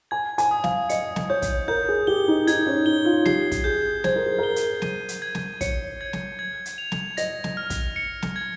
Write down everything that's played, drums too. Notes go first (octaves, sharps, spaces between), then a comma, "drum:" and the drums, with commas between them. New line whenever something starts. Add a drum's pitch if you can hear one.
G#5 G#6
G#5, drum: hi-hat
D#6
F5, drum: snare
D#5 C#7, drum: hi-hat
drum: snare
C#5 G6
drum: kick, hi-hat
A#4 G6
G#4
G4 G7
D#4
D#4 G#6, drum: hi-hat
C#4
D#4 G7
F4
G4 C7, drum: snare
drum: kick, hi-hat
G#4 G6
C5 G#6, drum: snare
A#4
G#4
A#4 G7
drum: hi-hat
D#7, drum: snare
drum: hi-hat
G#6
drum: snare
C#5 C#7, drum: kick, hi-hat
G#6
drum: snare
G#6
drum: hi-hat
F7
drum: snare
D#5 A#6, drum: hi-hat
drum: snare
F6
drum: kick, hi-hat
C#7
drum: snare
G#6